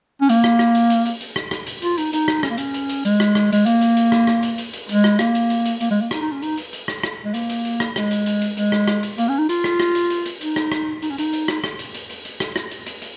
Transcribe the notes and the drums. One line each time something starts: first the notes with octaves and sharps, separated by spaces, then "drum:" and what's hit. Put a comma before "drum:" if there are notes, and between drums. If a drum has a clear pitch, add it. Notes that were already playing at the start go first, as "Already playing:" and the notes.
C#4
A#3, drum: hi-hat
drum: rim click
drum: rim click
drum: hi-hat
drum: hi-hat
drum: hi-hat
drum: hi-hat
drum: rim click
drum: rim click
drum: hi-hat
F4, drum: hi-hat
D#4, drum: hi-hat
D#4, drum: hi-hat
drum: rim click
C#4, drum: rim click
A#3
C#4, drum: hi-hat
drum: hi-hat
drum: hi-hat
G#3, drum: hi-hat
drum: rim click
drum: rim click
G#3, drum: hi-hat
A#3, drum: hi-hat
drum: hi-hat
drum: hi-hat
drum: rim click
drum: rim click
drum: hi-hat
drum: hi-hat
drum: hi-hat
G#3, drum: hi-hat
drum: rim click
A#3, drum: rim click
drum: hi-hat
drum: hi-hat
drum: hi-hat
A#3, drum: hi-hat
G#3
A#3
D#4, drum: rim click
D#4
C#4
D#4, drum: hi-hat
drum: hi-hat
drum: hi-hat
drum: rim click
drum: rim click
G#3
A#3, drum: hi-hat
drum: hi-hat
drum: hi-hat
drum: rim click
G#3, drum: rim click
drum: hi-hat
drum: hi-hat
drum: hi-hat
G#3, drum: hi-hat
drum: rim click
drum: rim click
drum: hi-hat
A#3, drum: hi-hat
C#4
D#4
F4, drum: hi-hat
drum: rim click
drum: rim click
drum: hi-hat
drum: hi-hat
drum: hi-hat
D#4, drum: hi-hat
drum: rim click
drum: rim click
D#4, drum: hi-hat
C#4
D#4, drum: hi-hat
drum: hi-hat
drum: rim click
drum: rim click
drum: hi-hat
drum: hi-hat
drum: hi-hat
drum: hi-hat
drum: rim click
drum: rim click
drum: hi-hat
drum: hi-hat
drum: hi-hat